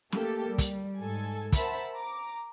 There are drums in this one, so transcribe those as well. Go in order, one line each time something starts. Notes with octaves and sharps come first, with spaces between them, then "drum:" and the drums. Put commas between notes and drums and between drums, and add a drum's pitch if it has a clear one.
A3 A#3 G4 A4, drum: snare
G3
drum: kick, hi-hat
G#2 A4 G#5
A#4 C5 E5 F#5 A5 B5, drum: kick, hi-hat
A#5 D6